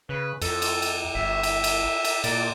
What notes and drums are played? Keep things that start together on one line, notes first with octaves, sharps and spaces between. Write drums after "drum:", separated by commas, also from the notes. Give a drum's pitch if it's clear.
C#3 B4
F2 A4, drum: cymbal
drum: cymbal
drum: cymbal
G1 E5
drum: cymbal
drum: cymbal
drum: cymbal
A#2 D5, drum: cymbal